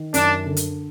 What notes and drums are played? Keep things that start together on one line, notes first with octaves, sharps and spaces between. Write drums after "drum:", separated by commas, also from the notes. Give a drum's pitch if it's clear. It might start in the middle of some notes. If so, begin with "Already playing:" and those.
Already playing: D#3
F#2 D4, drum: hi-hat
D3
drum: hi-hat